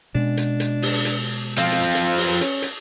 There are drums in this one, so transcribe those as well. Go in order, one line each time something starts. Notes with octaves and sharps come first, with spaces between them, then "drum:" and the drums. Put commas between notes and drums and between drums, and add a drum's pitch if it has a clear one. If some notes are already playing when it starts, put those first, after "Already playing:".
B2 G#3 C#4 D4
drum: hi-hat
drum: hi-hat
drum: open hi-hat
drum: hi-hat
F3 C4 F5
drum: hi-hat
drum: hi-hat
drum: open hi-hat
C#4, drum: hi-hat
drum: hi-hat